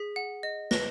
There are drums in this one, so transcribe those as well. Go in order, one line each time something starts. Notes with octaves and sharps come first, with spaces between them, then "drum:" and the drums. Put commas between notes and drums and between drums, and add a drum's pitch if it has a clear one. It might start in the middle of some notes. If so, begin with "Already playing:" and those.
Already playing: G#4 B6
F#5
D#5
B4 A#6, drum: snare